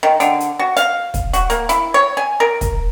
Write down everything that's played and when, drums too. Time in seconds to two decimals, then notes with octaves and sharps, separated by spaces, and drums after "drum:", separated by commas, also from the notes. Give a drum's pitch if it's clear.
0.03 D#3
0.20 D3, drum: hi-hat
0.40 drum: hi-hat
0.59 F#4
0.77 F5, drum: hi-hat
1.14 drum: kick, hi-hat
1.33 F#4, drum: hi-hat
1.50 A#3, drum: hi-hat
1.69 E4, drum: hi-hat
1.94 C#5
2.17 G#5
2.40 A#4
2.61 drum: kick, hi-hat